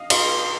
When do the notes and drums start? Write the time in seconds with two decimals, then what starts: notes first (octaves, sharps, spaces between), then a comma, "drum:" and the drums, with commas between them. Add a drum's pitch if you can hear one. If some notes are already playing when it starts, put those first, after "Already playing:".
Already playing: D#5 F5
0.10 D#5 F5 C6, drum: cymbal